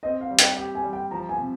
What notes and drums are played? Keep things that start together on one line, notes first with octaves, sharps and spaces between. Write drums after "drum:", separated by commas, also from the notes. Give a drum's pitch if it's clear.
C4 D#5
F5
G3
G5, drum: hi-hat
G4 G5
G#5
G3
G5
F3 A#5
G#5
C3